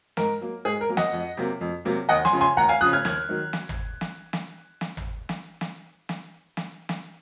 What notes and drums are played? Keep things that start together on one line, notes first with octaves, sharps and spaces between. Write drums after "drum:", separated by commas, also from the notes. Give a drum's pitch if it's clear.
G#2 A#4, drum: snare
F#3 A#3
G#2 G#4
A#4
F#3 A#3
D#5 F#5, drum: snare
F2
C3 F#3 A#3
F2
C3 F#3 A#3
D#2 D#5 F#5
G#5 C6, drum: snare
C#3 F3
G#5 C6
D#2 F#5 A#5
F5 G#5
C#3 F3 D#6 F#6
F6 G#6
D#2 F6 G#6, drum: snare
D#3 F#3
drum: snare
drum: tom G#1
drum: snare
drum: snare
drum: snare
drum: tom G#1
drum: snare
drum: snare
drum: snare
drum: snare
drum: snare